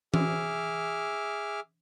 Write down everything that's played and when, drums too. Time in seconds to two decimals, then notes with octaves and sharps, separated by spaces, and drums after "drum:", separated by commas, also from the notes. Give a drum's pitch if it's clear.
0.14 G#4 E5 D6 F6, drum: tom E3